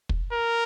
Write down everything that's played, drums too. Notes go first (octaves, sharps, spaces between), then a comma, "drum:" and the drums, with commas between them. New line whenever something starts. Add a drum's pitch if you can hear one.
drum: kick
A#4